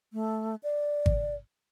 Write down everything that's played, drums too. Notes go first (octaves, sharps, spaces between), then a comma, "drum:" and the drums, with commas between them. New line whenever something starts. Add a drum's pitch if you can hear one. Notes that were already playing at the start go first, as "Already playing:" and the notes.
A3
D5
drum: kick G#1